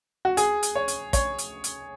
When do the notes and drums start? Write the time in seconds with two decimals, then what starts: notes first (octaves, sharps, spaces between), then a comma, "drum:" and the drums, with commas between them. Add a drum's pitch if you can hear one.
0.25 F#4
0.37 G#4, drum: hi-hat
0.63 drum: hi-hat
0.75 C#5
0.88 drum: hi-hat
1.13 C#5, drum: kick, hi-hat
1.38 drum: hi-hat
1.64 drum: hi-hat